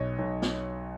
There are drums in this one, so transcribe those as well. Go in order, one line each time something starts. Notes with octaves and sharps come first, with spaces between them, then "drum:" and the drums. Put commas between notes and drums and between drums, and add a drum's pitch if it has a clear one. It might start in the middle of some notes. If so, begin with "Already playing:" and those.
Already playing: B1 B2 C#5 D#5
B1
drum: snare